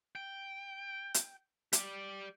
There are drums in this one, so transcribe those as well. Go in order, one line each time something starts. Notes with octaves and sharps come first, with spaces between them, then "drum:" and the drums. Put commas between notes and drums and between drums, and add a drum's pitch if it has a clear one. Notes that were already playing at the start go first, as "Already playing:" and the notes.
G5
drum: hi-hat
G4 D5, drum: hi-hat